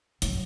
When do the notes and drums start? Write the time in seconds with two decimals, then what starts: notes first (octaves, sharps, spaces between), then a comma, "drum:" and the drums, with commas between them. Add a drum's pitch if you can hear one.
0.22 F#3, drum: hi-hat